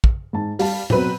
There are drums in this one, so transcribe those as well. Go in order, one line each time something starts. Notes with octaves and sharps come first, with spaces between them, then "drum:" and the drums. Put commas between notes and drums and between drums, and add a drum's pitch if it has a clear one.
drum: kick
G#2 A5
G3 F5 A5, drum: open hi-hat
B2 F#3 C4 B4, drum: tom A2